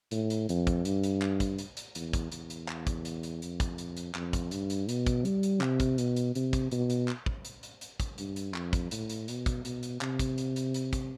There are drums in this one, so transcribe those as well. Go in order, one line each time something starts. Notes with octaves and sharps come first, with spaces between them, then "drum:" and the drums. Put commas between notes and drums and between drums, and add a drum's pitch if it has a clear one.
A2, drum: hi-hat
drum: hi-hat
F2, drum: hi-hat
drum: kick, hi-hat
G2, drum: hi-hat
drum: hi-hat
drum: clap
drum: kick, hi-hat
drum: hi-hat
drum: hi-hat
E2, drum: hi-hat
drum: kick, hi-hat
E2, drum: hi-hat
drum: hi-hat
drum: clap
drum: kick, hi-hat
drum: hi-hat
drum: hi-hat
F2, drum: hi-hat
drum: kick, hi-hat
drum: hi-hat
drum: hi-hat
F2, drum: clap
drum: kick, hi-hat
G2, drum: hi-hat
drum: hi-hat
B2, drum: hi-hat
drum: kick, hi-hat
G3, drum: hi-hat
drum: hi-hat
C3, drum: clap
drum: kick, hi-hat
B2, drum: hi-hat
drum: hi-hat
C3, drum: hi-hat
drum: kick, hi-hat
B2, drum: hi-hat
drum: hi-hat
drum: clap
drum: kick
drum: hi-hat
drum: hi-hat
drum: hi-hat
drum: kick, hi-hat
G2, drum: hi-hat
drum: hi-hat
F2, drum: clap
drum: kick, hi-hat
A2, drum: hi-hat
drum: hi-hat
B2, drum: hi-hat
drum: kick, hi-hat
B2, drum: hi-hat
drum: hi-hat
C3, drum: clap
drum: kick, hi-hat
drum: hi-hat
drum: hi-hat
drum: hi-hat
drum: kick, hi-hat